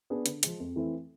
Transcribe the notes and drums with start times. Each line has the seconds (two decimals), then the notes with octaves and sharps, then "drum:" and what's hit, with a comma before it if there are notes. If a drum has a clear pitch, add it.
0.10 B3 D4 G#4
0.26 D3, drum: hi-hat
0.43 F3 G#3, drum: hi-hat
0.60 F2
0.76 E3 A3 C4 E4